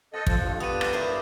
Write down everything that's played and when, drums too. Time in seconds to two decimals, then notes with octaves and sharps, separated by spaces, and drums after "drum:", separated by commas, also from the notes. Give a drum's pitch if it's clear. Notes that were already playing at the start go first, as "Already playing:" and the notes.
0.14 A4 C5 D#5 F#5 A6
0.27 F3 A4, drum: kick
0.40 G2 D3 F4
0.60 B3 G4 D#6 D#7
0.81 drum: rim click
0.93 E4 A4 A#4 C5 D5